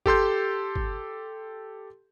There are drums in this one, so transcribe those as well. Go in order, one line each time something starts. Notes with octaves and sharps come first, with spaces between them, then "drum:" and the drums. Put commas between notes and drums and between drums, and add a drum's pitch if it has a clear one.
G4 A4 C6 G6, drum: kick
drum: kick